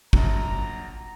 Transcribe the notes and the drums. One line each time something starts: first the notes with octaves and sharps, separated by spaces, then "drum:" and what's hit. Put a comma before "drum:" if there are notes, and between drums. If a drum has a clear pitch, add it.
A#1 A#2 F#3 A#5, drum: kick